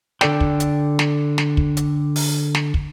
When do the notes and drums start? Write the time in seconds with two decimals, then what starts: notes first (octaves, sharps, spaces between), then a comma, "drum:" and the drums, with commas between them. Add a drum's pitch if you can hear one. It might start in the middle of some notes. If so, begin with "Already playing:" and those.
0.21 D3 A4 D5 G5, drum: snare
0.40 drum: kick
0.60 drum: hi-hat
0.99 drum: snare
1.38 drum: snare
1.57 drum: kick
1.77 drum: hi-hat
2.16 drum: open hi-hat
2.55 drum: snare
2.74 drum: kick